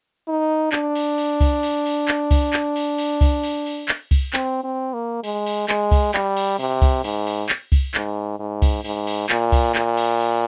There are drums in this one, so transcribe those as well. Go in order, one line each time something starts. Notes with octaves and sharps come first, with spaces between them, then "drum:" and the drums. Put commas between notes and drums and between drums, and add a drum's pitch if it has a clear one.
D#4
D4, drum: clap
drum: cymbal
drum: cymbal
drum: kick C2, cymbal
drum: cymbal
drum: cymbal
drum: clap
drum: kick C2, cymbal
drum: clap
drum: cymbal
drum: cymbal
drum: kick C2, cymbal
drum: cymbal
drum: cymbal
drum: clap
drum: kick C2, cymbal
C4, drum: clap
C4
A#3
G#3, drum: cymbal
drum: cymbal
G#3, drum: clap
drum: kick C2, cymbal
G3, drum: clap
drum: cymbal
C3, drum: cymbal
drum: kick C2, cymbal
G#2, drum: cymbal
drum: cymbal
drum: clap
drum: kick C2, cymbal
G#2, drum: clap
G#2
drum: kick C2, cymbal
G#2, drum: cymbal
drum: cymbal
A#2, drum: clap
drum: kick C2, cymbal
A#2, drum: clap
drum: cymbal
drum: cymbal